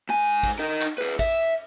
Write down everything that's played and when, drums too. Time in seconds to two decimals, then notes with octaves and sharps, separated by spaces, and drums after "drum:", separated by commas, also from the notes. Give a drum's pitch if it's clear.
0.09 G#2 G#5
0.43 drum: kick, cymbal
0.59 D#4 A#4
0.81 drum: clap
0.98 G#4 B4
1.19 E5, drum: kick, cymbal